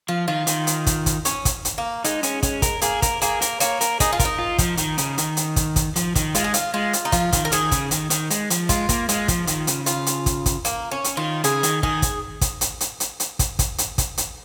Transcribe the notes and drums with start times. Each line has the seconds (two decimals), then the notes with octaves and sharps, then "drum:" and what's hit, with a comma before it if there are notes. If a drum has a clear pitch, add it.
0.08 F3 F4
0.28 D#3 F4
0.47 D#3, drum: hi-hat
0.67 drum: hi-hat
0.86 drum: kick, hi-hat
1.06 drum: kick, hi-hat
1.25 C#4, drum: hi-hat
1.45 drum: kick, hi-hat
1.65 drum: hi-hat
1.78 A#3
2.04 G#3 D#4, drum: hi-hat
2.23 C#4, drum: hi-hat
2.43 C#4, drum: kick, hi-hat
2.62 A#4, drum: kick, hi-hat
2.82 A#3 G#4, drum: hi-hat
3.02 A#4, drum: kick, hi-hat
3.22 A#3 G#4, drum: hi-hat
3.42 A#4, drum: hi-hat
3.60 A#3 C#5, drum: hi-hat
3.81 A#4, drum: hi-hat
4.00 D#4 G#4, drum: kick, hi-hat
4.13 F4
4.19 A#4, drum: kick, hi-hat
4.25 D#4
4.39 F4
4.58 F3, drum: kick, hi-hat
4.77 D#3, drum: hi-hat
4.98 C#3, drum: hi-hat
5.18 D#3, drum: hi-hat
5.37 drum: hi-hat
5.56 drum: kick, hi-hat
5.76 drum: kick, hi-hat
5.96 F3, drum: hi-hat
6.15 D#3, drum: kick, hi-hat
6.35 G#3 F4, drum: hi-hat
6.44 G#4
6.54 F4, drum: hi-hat
6.74 G#3 F4
6.93 drum: hi-hat
7.05 D#4
7.12 F3 F4, drum: kick, hi-hat
7.32 D#3, drum: kick, hi-hat
7.45 A#4
7.52 D#3 G#4, drum: hi-hat
7.71 C#3, drum: kick, hi-hat
7.91 D#3, drum: hi-hat
8.10 D#3, drum: hi-hat
8.30 G#3, drum: hi-hat
8.50 F3, drum: hi-hat
8.69 G#3 F4, drum: kick, hi-hat
8.89 A#3, drum: kick, hi-hat
9.09 G#3 F4, drum: hi-hat
9.28 F3, drum: kick, hi-hat
9.47 D#3, drum: hi-hat
9.67 C#3, drum: hi-hat
9.86 F4, drum: hi-hat
10.06 drum: hi-hat
10.26 drum: kick, hi-hat
10.46 drum: kick, hi-hat
10.65 A#3, drum: hi-hat
10.91 C#4
11.04 drum: hi-hat
11.17 D#3 F4
11.44 C#3 G#4, drum: hi-hat
11.63 D#3, drum: hi-hat
11.83 D#3 G#4, drum: kick
12.02 drum: kick, hi-hat
12.41 drum: kick, hi-hat
12.61 drum: hi-hat
12.81 drum: hi-hat
13.00 drum: hi-hat
13.20 drum: hi-hat
13.39 drum: kick, hi-hat
13.59 drum: kick, hi-hat
13.78 drum: hi-hat
13.98 drum: kick, hi-hat
14.18 drum: hi-hat